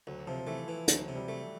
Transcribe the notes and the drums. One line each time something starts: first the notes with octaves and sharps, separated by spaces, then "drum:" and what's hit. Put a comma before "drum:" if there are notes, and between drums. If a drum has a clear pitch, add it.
D2 F#3
C3 F3
E3 A3
E3
D2 F#3, drum: hi-hat
C3
G3
A3